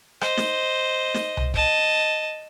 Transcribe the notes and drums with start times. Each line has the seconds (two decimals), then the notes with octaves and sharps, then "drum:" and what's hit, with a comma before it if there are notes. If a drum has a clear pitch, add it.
0.21 C5 D#5, drum: rim click
0.37 drum: snare
1.14 drum: snare
1.37 drum: tom C2
1.54 D#5 A5, drum: kick